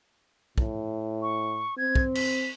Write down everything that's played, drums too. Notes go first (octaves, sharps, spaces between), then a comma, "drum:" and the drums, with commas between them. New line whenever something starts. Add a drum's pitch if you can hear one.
A2, drum: kick
C#6
C4 G#6
drum: kick
B6, drum: cymbal